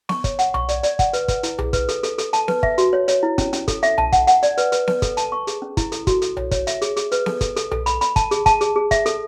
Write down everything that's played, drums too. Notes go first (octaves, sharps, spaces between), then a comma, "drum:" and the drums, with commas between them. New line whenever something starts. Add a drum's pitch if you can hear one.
C#6, drum: snare B3
C#5, drum: kick, hi-hat
F#5, drum: hi-hat
C#6, drum: tom B1
D5, drum: hi-hat
D5, drum: hi-hat
F#5, drum: kick, hi-hat
B4, drum: hi-hat
B4, drum: kick, hi-hat
E4, drum: hi-hat
G#4, drum: tom B1
B4, drum: kick, hi-hat
A4, drum: hi-hat
A4, drum: hi-hat
A4, drum: hi-hat
A5, drum: hi-hat
B4, drum: snare B3
E5, drum: kick
F#4, drum: hi-hat
C#5
C#5, drum: hi-hat
E4
C#4, drum: kick, hi-hat
C#4, drum: hi-hat
A4, drum: kick, hi-hat
E5, drum: hi-hat
A5, drum: tom B1
F#5, drum: kick, hi-hat
F#5, drum: hi-hat
D5, drum: hi-hat
B4, drum: hi-hat
B4, drum: hi-hat
B4, drum: snare B3
A4, drum: kick, hi-hat
A5, drum: hi-hat
C#6
G#4, drum: hi-hat
C#4
E4, drum: kick, hi-hat
A4, drum: hi-hat
F#4, drum: kick, hi-hat
A4, drum: hi-hat
C#5, drum: tom B1
C#5, drum: kick, hi-hat
E5, drum: hi-hat
G#4, drum: hi-hat
G#4, drum: hi-hat
B4, drum: hi-hat
A4, drum: snare B3
A4, drum: kick, hi-hat
A4, drum: hi-hat
A4, drum: tom B1
B5, drum: hi-hat
B5, drum: hi-hat
A5, drum: kick, hi-hat
G#4, drum: hi-hat
A5, drum: kick, hi-hat
G#4, drum: hi-hat
G#4
E5, drum: kick, hi-hat
A4, drum: hi-hat